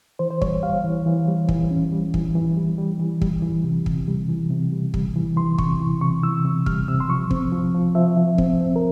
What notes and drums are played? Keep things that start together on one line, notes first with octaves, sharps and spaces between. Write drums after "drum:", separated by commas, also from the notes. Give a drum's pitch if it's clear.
E3 C5
C5
G3 C#5, drum: kick
G3 F5
E3
E3
G3
E3, drum: kick
C#4
G3
E3, drum: kick
E3
G3
G3
E3
G3, drum: kick
E3
C3
C3, drum: kick
G3
E3
C3
G3
G3, drum: kick
E3
E3 C6
C3 C#6, drum: kick
E3
C3 C#6
E3 E6
C3
G3 F6, drum: kick
C3 E6
C6
F3 C#6
C4, drum: kick
F3
F3
F3 E5
F3
C4, drum: kick
C4
A#4